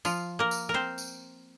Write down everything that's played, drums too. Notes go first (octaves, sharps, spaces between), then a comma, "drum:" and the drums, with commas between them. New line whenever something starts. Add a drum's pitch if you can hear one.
F3 F4, drum: tambourine
A#3 A#4
drum: tambourine
A#4
C4 C5
drum: tambourine